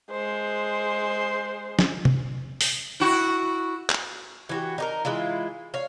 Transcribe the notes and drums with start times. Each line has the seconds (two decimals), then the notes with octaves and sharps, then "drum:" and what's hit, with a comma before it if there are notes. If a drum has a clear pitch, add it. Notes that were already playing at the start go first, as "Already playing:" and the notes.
0.11 G#3 C5
1.79 drum: snare
2.05 drum: tom C3
2.61 drum: open hi-hat
3.00 E4 F#4
3.90 drum: clap
4.49 E3 F#4 G4
4.78 D#4 G4 A#4
5.05 E3 G#3 E4 F4
5.74 C#5 F5